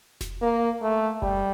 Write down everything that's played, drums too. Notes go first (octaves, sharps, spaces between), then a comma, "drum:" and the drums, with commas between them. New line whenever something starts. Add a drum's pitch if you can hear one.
drum: snare F1
A#3
A3
G3, drum: kick F#1